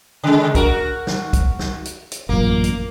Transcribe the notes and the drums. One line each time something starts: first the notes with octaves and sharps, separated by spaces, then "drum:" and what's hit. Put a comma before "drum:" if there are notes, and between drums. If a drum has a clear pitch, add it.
C#3 G#3
F#4 A#4, drum: kick, hi-hat
drum: snare
drum: kick, hi-hat
drum: snare
drum: hi-hat
drum: hi-hat
A1 F#2 A#2 A#3
drum: hi-hat